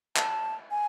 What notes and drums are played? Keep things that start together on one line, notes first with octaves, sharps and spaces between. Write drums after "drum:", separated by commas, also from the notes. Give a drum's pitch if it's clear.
A5, drum: clap
G#5